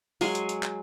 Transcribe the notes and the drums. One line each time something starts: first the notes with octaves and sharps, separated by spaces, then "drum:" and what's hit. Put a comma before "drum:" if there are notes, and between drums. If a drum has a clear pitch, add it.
F#3 G#3 G#5 C6, drum: open hi-hat
drum: hi-hat
drum: hi-hat
drum: clap